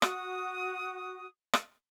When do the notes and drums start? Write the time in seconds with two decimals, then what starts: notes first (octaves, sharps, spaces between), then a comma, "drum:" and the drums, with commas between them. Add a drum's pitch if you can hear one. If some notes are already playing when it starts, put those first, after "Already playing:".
0.02 F#4 D#6, drum: rim click
1.53 drum: rim click